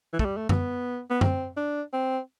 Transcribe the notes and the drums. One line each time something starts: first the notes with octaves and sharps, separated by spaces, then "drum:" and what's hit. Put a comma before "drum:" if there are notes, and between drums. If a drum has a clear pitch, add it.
E3
A3, drum: kick
G3
A3
B3, drum: tom F#2
B3
C4, drum: tom F#2
D4
C4